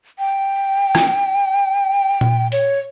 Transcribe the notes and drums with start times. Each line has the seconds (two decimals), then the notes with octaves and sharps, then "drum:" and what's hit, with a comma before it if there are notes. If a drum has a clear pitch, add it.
0.19 G5
0.95 drum: rim click
2.21 drum: tom A#2
2.52 C#5, drum: open hi-hat